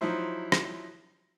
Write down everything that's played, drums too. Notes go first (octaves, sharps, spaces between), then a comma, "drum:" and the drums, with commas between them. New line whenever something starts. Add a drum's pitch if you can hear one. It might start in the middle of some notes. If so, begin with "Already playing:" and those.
F3 F#3 D#4 E4 C5
drum: rim click